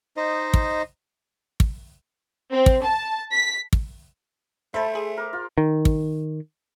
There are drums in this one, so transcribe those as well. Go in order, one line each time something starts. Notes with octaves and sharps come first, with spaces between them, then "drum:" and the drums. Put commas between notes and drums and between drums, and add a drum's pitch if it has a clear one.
D#4 C5 D#5
drum: kick
drum: kick
C4
drum: kick
A5
B6
drum: kick
A3 C5 E5 A5 B5
G#4
A#4 D6
F4
D#3
drum: kick